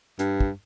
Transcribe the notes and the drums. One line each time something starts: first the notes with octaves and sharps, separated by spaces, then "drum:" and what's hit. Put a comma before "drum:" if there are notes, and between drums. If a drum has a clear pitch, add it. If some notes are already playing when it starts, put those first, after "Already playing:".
G2, drum: hi-hat
drum: kick